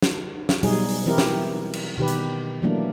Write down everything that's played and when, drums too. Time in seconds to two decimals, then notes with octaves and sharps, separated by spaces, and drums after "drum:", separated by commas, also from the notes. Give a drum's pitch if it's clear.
0.02 drum: snare
0.49 drum: snare
0.63 B2 F#3 G3 D#4 G#4, drum: open hi-hat
0.89 drum: open hi-hat
1.06 E3 C4 E4 G4 A#4
1.18 drum: snare
1.73 drum: cymbal
1.97 B2 D#3 G4 B4
2.08 drum: hi-hat
2.62 E3 F#3 A3 A#3 D4